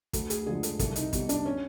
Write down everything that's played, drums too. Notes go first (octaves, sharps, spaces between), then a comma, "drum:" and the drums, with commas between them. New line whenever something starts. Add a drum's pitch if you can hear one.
D2 A4, drum: kick, hi-hat
G#4, drum: hi-hat
D3 F3 G#3 G#4
A4, drum: hi-hat
C2 A4, drum: kick, hi-hat
D#4, drum: hi-hat
B2 G3, drum: kick, hi-hat
D4, drum: hi-hat
C#4